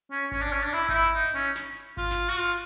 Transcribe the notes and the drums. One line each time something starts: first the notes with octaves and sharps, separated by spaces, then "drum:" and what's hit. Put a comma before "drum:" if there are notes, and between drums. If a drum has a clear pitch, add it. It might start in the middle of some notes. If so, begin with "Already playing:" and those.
C#4
C#4, drum: kick G#1, open hi-hat
D4
C#4
D4
E4
D#4, drum: kick G#1, open hi-hat
E4
D#4, drum: hi-hat
C#4
drum: snare
drum: hi-hat
F4, drum: kick G#1, open hi-hat
drum: snare
F#4
F4